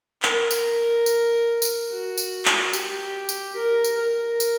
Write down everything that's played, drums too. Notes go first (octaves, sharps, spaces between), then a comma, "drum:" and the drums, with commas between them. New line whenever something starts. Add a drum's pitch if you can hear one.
A#4, drum: clap
drum: tambourine
drum: tambourine
drum: tambourine
F#4
drum: tambourine
drum: clap
G4, drum: tambourine
drum: tambourine
A#4
drum: tambourine
A#4
drum: tambourine